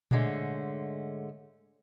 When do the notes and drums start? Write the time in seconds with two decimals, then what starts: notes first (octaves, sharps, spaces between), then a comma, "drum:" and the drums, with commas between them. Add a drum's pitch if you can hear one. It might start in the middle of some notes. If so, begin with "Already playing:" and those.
0.11 G#2 D3 G#3 A3 C#4, drum: tom A#2